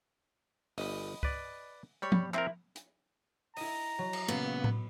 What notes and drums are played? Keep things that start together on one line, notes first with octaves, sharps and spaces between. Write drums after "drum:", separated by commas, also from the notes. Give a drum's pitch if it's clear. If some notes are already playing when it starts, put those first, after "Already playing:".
G1 D#5 B5, drum: open hi-hat
B4 D5, drum: kick C#2
G3 C#5 B5
drum: tom
C4 E4 A#4, drum: clap
drum: hi-hat
E4 D#5 A#5, drum: open hi-hat
F#3
drum: cymbal
A#2 C#3 B3
drum: tom A2